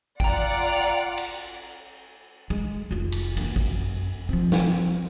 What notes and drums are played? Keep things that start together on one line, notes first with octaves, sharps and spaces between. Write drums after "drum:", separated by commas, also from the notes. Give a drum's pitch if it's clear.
F4 D5 F#5 G5 A#5, drum: kick G#1
drum: cymbal
G#3
F1 F4
drum: cymbal
E3 A#3, drum: cymbal
F#2, drum: kick G#1
F3 C4
drum: snare